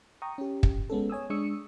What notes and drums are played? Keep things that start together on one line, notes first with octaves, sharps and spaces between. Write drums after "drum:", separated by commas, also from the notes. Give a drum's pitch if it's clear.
G5 A#5 C#6 D#6
C#4 G4
drum: kick
G#3 B3 C#4 A4
C#5 G#5 D#6 E6
G#3 D4 C#6 D#6 E6 C#7